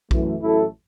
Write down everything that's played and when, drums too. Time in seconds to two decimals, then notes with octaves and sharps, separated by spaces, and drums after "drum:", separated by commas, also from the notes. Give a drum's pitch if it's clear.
0.11 F#2 E3 A3, drum: kick A#1
0.41 A1 A2 F#3 A3 E4 A4